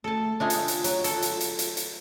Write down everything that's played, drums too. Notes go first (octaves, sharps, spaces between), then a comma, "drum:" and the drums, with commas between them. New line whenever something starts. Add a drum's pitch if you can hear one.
A3 A4 A5
G#3 A3 D4 F4
drum: hi-hat
drum: hi-hat
F#3, drum: hi-hat
A4, drum: hi-hat
drum: hi-hat
drum: hi-hat
drum: hi-hat
drum: hi-hat